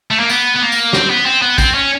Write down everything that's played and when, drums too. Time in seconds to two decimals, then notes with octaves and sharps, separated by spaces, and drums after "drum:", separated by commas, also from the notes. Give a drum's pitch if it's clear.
0.11 A3
0.20 A#3
0.29 B3, drum: tambourine
0.56 B3
0.62 A#3
0.72 drum: tambourine
0.93 C4, drum: snare
1.10 B3
1.26 C4
1.42 B3
1.58 C4, drum: kick, tambourine
1.74 C#4